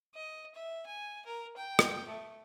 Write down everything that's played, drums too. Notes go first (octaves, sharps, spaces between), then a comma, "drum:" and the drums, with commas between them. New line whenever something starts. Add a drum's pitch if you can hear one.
D#5
E5
G#5
A#4
G5
drum: rim click
A3